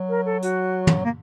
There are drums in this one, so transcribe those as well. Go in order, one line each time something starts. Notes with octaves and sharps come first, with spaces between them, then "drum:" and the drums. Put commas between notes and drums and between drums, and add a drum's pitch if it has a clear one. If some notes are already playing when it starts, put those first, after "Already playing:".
Already playing: F#3
A#4
A4
F#4, drum: hi-hat
drum: tom
A#3